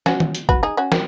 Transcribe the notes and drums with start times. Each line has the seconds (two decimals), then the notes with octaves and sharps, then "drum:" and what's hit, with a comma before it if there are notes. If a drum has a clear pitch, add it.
0.06 C#4 F#4, drum: snare
0.20 drum: tom
0.35 drum: hi-hat
0.49 F#4 B4, drum: kick
0.63 D#4 G#4
0.77 C#4 F#4
0.92 D#3, drum: snare